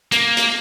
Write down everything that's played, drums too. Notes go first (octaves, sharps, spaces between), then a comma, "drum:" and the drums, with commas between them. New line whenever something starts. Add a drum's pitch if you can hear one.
A#3, drum: hi-hat
drum: hi-hat